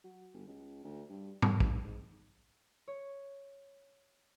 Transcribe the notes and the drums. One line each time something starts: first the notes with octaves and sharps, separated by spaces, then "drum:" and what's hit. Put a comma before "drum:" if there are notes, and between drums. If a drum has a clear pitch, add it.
F#3
G1
C#2
D2
G2
G2, drum: tom G#2
G2, drum: kick
G#2
C#5